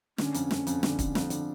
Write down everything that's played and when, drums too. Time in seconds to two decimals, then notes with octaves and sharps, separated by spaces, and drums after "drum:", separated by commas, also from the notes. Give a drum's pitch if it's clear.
0.18 D3 C#4, drum: snare
0.34 F2, drum: hi-hat
0.51 F2, drum: snare
0.67 F2, drum: hi-hat
0.83 D3, drum: snare
0.99 D3, drum: kick, hi-hat
1.15 F2, drum: snare
1.30 D3, drum: hi-hat